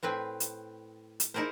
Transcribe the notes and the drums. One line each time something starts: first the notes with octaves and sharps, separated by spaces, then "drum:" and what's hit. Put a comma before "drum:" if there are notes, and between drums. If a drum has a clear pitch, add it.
A2 C4 B4 G#5
drum: hi-hat
drum: hi-hat
D#4 E4 G#4 A#4 C5